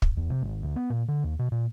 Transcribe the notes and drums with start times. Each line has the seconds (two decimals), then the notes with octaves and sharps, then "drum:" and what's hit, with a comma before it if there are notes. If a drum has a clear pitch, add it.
0.02 drum: kick
0.17 E2
0.30 C3
0.42 G#1
0.62 D2
0.76 B3
0.90 A#2
1.08 D3
1.24 D#2
1.39 B2
1.52 A#2